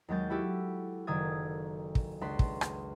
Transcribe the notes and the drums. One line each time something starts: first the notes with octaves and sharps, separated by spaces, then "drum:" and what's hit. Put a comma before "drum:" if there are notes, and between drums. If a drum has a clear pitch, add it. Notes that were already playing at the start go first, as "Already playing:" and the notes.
D#2 F#3 G#3 G6 A6
E4 F#4 G4 A4
F#1 D#3 A4 D5 D#6 G#6
drum: kick
C#2 D4 B4 C6
drum: kick
drum: rim click